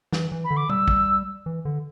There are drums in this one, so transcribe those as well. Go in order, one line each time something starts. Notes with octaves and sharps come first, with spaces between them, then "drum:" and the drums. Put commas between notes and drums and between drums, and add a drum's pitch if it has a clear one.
E3, drum: snare
E3
B5
D3
D6
G3 E6, drum: tom B2
drum: kick
E3
D3